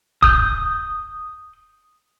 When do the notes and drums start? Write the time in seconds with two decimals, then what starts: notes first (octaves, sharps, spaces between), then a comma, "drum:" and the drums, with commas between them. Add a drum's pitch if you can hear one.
0.23 D#6 G6, drum: kick D1